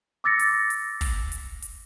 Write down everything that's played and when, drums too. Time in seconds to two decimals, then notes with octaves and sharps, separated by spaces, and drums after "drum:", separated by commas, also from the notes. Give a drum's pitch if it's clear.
0.24 D6 E6 A6 A#6 C#7
0.39 drum: hi-hat
0.70 drum: hi-hat
1.01 drum: kick, open hi-hat
1.32 drum: hi-hat
1.62 drum: hi-hat